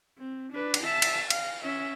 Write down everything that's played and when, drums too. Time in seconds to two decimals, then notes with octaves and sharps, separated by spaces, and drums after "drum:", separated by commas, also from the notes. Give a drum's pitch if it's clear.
0.18 C4
0.53 D4 B4
0.74 drum: cymbal
0.83 E5 A5
1.02 drum: cymbal
1.30 F5, drum: cymbal
1.63 C#4 E5